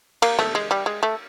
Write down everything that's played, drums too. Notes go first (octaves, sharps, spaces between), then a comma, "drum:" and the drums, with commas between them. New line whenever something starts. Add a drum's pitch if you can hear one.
A#3, drum: cymbal
A3, drum: rim click
G#3
G3
G#3
A3